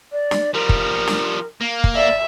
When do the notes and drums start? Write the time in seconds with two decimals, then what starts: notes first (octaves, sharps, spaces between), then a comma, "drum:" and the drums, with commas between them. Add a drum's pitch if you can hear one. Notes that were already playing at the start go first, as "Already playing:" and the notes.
0.12 D5
0.31 drum: snare
0.54 F3 G3 A#4
0.69 drum: kick
1.07 drum: snare
1.61 A#3
1.84 drum: kick
1.95 D5 E5